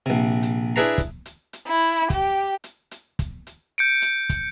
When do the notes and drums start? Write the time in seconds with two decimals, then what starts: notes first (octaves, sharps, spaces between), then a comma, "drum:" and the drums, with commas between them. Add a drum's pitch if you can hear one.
0.06 A#1 C3
0.43 drum: hi-hat
0.76 D4 E4 G#4 B4 A5 A#5
0.98 drum: kick, hi-hat
1.26 drum: hi-hat
1.53 drum: hi-hat
1.67 E4
2.10 G4, drum: kick, hi-hat
2.64 drum: hi-hat
2.91 drum: hi-hat
3.19 drum: kick, hi-hat
3.47 drum: hi-hat
3.78 G6 C#7 D7
4.02 drum: hi-hat
4.30 drum: kick, hi-hat